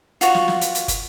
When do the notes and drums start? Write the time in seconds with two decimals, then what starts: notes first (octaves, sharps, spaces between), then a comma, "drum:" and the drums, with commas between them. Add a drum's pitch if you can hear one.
0.21 F4 F#4 C#5, drum: hi-hat
0.34 drum: snare
0.48 drum: snare
0.61 drum: hi-hat
0.75 drum: hi-hat
0.88 drum: kick, hi-hat